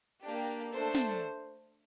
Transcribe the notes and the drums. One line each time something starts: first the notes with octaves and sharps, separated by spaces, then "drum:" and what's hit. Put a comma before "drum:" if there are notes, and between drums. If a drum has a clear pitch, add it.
A#3 D4 G4
A3 D4 A4 C5
drum: snare